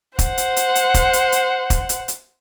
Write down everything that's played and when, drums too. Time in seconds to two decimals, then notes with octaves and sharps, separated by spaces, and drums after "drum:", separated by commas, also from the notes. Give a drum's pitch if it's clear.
0.19 C5 F#5, drum: kick, hi-hat
0.38 drum: hi-hat
0.56 drum: hi-hat
0.75 drum: hi-hat
0.94 drum: kick, hi-hat
1.13 drum: hi-hat
1.32 drum: hi-hat
1.70 drum: kick, hi-hat
1.89 drum: hi-hat
2.08 drum: hi-hat